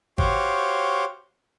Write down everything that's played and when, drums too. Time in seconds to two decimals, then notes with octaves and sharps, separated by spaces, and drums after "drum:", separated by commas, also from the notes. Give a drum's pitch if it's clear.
0.18 F#4 G4 C5 C#5 F5 G5, drum: kick G#1